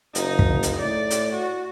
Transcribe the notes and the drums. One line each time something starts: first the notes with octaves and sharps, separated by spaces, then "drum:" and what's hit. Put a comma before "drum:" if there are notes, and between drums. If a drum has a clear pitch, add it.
F#1 D#4, drum: hi-hat
drum: kick
drum: hi-hat
A2 D5
drum: hi-hat
F#4